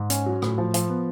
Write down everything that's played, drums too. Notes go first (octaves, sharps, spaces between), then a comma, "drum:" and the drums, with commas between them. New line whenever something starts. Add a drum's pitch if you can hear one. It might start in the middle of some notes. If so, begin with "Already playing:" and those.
Already playing: G#2
C#4, drum: hi-hat
F#3
A2, drum: rim click
F3
F3, drum: hi-hat
B3